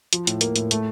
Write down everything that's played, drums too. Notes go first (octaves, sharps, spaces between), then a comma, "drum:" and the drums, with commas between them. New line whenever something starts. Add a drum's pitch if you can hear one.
F3, drum: hi-hat
A2, drum: hi-hat
A#3, drum: hi-hat
A2, drum: hi-hat
A3, drum: hi-hat